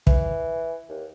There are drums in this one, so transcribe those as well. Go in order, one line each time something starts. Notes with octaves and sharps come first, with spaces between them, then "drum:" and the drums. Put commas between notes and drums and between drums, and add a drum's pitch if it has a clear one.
E3, drum: kick
D#2